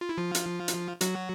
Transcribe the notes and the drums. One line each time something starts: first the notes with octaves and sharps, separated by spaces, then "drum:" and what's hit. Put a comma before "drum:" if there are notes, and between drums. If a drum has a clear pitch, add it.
F4
E4
F3 F4
drum: hi-hat
drum: hi-hat
F#3 F#4, drum: hi-hat